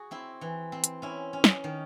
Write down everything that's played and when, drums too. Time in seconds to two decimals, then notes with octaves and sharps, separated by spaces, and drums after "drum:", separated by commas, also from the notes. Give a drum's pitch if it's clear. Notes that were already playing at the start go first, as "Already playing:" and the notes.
Already playing: F#4 G#4
0.11 C4 E4
0.41 E3
0.72 C4
0.84 drum: hi-hat
1.02 C#4 E4
1.33 C#4
1.44 drum: snare
1.64 D#3